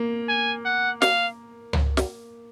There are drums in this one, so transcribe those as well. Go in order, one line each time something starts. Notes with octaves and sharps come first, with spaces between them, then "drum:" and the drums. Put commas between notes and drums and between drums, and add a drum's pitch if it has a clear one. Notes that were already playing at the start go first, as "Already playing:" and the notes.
Already playing: A#3
G#5
F#5
F5, drum: snare
drum: tom C#2
drum: snare